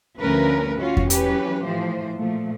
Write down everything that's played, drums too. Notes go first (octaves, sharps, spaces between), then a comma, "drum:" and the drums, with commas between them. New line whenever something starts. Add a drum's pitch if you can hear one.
D2 F3 C#4 A#4 B4
C#4 F4 F#4
drum: kick E2
E3 F#3 C#4 G4 B4, drum: hi-hat
A2 E3 F3 C5
A#2 F3 A3